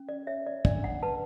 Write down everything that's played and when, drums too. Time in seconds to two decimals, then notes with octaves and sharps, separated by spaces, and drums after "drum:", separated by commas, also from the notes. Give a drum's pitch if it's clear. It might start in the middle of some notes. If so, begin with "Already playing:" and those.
Already playing: C#4
0.09 D5
0.27 C#5 E5
0.47 D5
0.65 D4 D5, drum: kick
0.84 F#5
1.03 B4 A5